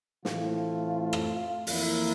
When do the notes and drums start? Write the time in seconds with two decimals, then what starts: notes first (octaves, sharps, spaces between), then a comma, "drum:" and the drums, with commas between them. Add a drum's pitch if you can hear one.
0.25 A2 E3 A3 C4 F4, drum: snare
1.13 drum: rim click
1.67 F2 E3 A#3 E4, drum: open hi-hat